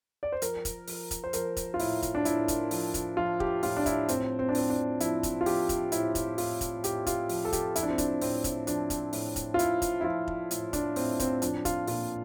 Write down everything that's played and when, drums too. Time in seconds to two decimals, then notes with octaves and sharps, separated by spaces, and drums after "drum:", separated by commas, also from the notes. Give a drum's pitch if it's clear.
0.23 D5
0.32 C5
0.42 F3 A#4, drum: hi-hat
0.65 drum: kick F1, hi-hat
0.88 F3, drum: open hi-hat
1.11 drum: kick F1, hi-hat
1.24 C5
1.33 F3 A#4, drum: hi-hat
1.57 drum: kick F1, hi-hat
1.74 F4
1.80 A2 E4, drum: open hi-hat
2.02 drum: kick F1, hi-hat
2.15 D4
2.25 A2 E4, drum: hi-hat
2.48 drum: kick F1, hi-hat
2.71 F3, drum: open hi-hat
2.94 drum: kick F1, hi-hat
3.17 F3 F4
3.40 G4, drum: kick F1
3.63 A2 F4, drum: open hi-hat
3.77 D4
3.86 E4, drum: kick F1, hi-hat
4.08 A2 C4, drum: hi-hat
4.39 C4
4.49 D4
4.55 A2 C4, drum: open hi-hat
4.70 D4
5.00 F3 E4, drum: hi-hat
5.23 drum: kick F1, hi-hat
5.41 F4
5.46 F3 G4, drum: open hi-hat
5.69 drum: kick F1, hi-hat
5.92 A2 E4, drum: hi-hat
6.15 drum: kick F1, hi-hat
6.38 A2 F4, drum: open hi-hat
6.61 drum: kick F1, hi-hat
6.84 A2 G4, drum: hi-hat
7.07 F4, drum: kick F1, hi-hat
7.29 F3, drum: open hi-hat
7.45 A4
7.53 G4, drum: kick F1, hi-hat
7.76 F3 E4, drum: hi-hat
7.83 D4
7.90 C4
7.98 D4, drum: kick F1, hi-hat
8.21 A2 C4, drum: open hi-hat
8.44 drum: kick F1, hi-hat
8.67 F3 D4, drum: hi-hat
8.90 drum: kick F1, hi-hat
9.13 A2, drum: open hi-hat
9.36 drum: kick F1, hi-hat
9.54 F4
9.59 A2 E4, drum: hi-hat
9.82 drum: kick F1, hi-hat
10.01 E4
10.04 F3 F4
10.28 drum: kick F1
10.51 A2, drum: hi-hat
10.73 D4, drum: kick F1, hi-hat
10.96 A2 C4, drum: open hi-hat
11.20 C4, drum: kick F1, hi-hat
11.42 F3 D4, drum: hi-hat
11.65 F4, drum: kick F1, hi-hat
11.87 A#2 F4, drum: open hi-hat